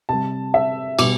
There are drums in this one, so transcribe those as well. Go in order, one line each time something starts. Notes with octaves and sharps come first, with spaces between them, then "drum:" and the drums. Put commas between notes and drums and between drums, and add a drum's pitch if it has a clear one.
C3 G3 A5
E5
B2 G3 D6, drum: cymbal